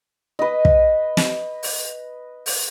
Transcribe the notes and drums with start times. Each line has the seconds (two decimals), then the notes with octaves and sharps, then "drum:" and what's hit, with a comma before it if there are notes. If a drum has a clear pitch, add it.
0.39 B4 D#5
0.65 drum: kick
1.17 drum: snare
1.63 drum: open hi-hat
2.46 drum: open hi-hat